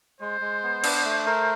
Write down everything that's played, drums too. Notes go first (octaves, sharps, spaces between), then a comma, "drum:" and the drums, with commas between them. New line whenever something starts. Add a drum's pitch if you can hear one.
G#3 C5
G#3
B3
D4, drum: cymbal
A3
A#4